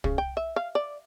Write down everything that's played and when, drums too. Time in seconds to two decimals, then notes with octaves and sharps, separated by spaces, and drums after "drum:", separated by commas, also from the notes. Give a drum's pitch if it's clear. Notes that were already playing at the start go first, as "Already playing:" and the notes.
0.04 C#3, drum: kick
0.18 G5
0.37 E5
0.56 F5
0.75 D5